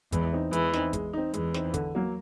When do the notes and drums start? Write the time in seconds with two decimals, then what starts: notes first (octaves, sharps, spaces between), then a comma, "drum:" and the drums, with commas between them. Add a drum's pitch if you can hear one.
0.12 E2 E3 G#3, drum: kick, hi-hat
0.33 C4 D#4
0.53 E2 E3 G#3, drum: hi-hat
0.74 C4 D#4, drum: snare
0.93 G#3, drum: kick, hi-hat
1.13 C4 D#4
1.34 E2 E3 G#3, drum: hi-hat
1.54 C4 D#4, drum: snare
1.74 D3, drum: kick, hi-hat
1.95 F#3 A#3